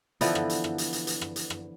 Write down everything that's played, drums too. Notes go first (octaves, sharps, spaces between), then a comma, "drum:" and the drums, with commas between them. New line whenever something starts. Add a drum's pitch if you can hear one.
D3 E3 F3 B3, drum: hi-hat
drum: rim click
drum: hi-hat
drum: rim click
drum: hi-hat
drum: hi-hat
drum: hi-hat
drum: rim click
drum: hi-hat
drum: rim click